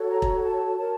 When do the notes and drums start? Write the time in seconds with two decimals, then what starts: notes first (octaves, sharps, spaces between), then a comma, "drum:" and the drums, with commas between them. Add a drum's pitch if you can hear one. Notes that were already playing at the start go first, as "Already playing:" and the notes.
Already playing: F#4 A4 C#5
0.08 A#5
0.22 drum: kick E1
0.43 A5
0.77 F#4 A#4 C#5 A5